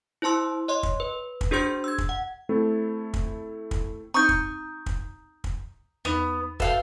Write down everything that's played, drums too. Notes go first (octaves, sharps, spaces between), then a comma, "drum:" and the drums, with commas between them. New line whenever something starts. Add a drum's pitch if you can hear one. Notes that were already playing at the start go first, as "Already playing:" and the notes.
E4 C5 A5 C6 E6
C#5 D#5 C6
drum: kick
B4
drum: kick
D4 F#4 G#4 C5 C6 G6
E6 G#6
drum: kick
F#5
A3 C4 E4 A4
drum: kick
drum: kick
C4 D#4 A#5 C#6 D#6 G6
drum: kick
drum: kick
drum: kick
E2 B3 D#4
F#4 A4 B4 E5 F5 G5, drum: kick